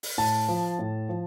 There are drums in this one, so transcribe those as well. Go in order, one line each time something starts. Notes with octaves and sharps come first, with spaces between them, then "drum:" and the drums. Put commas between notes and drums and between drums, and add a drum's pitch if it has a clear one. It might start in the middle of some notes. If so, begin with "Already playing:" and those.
drum: open hi-hat
A2 A5
F3
A2
F3